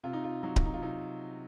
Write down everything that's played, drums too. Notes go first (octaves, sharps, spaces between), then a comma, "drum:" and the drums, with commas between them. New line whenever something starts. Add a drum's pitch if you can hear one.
C3 F4
D#4
F4
F#3 D#4
drum: kick D1
D#4
F4
C3 D#4